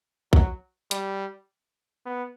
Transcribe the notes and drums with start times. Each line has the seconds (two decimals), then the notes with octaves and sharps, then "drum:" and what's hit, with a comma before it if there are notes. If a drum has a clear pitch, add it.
0.33 F#3, drum: kick A#1
0.91 G3, drum: hi-hat
2.06 B3